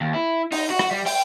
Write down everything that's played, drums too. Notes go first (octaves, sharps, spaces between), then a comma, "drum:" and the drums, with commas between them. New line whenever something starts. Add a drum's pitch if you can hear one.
D#2
E4
D#4, drum: open hi-hat
F#4
drum: rim click
G3
G5, drum: open hi-hat